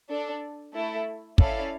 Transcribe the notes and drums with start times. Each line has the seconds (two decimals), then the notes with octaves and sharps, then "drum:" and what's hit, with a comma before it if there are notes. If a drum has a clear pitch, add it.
0.08 D4 A4 D5
0.73 A3 E4 A4
1.38 C#4 E4 A4 D5 F5, drum: kick